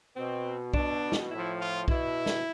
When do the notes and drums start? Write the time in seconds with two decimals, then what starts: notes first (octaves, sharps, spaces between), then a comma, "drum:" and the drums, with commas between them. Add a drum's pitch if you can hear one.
0.17 B2 C4
0.74 B2 D4, drum: kick
1.12 drum: snare
1.31 A2 F3 E4
1.60 F4
1.88 B2 E4, drum: kick
2.26 drum: snare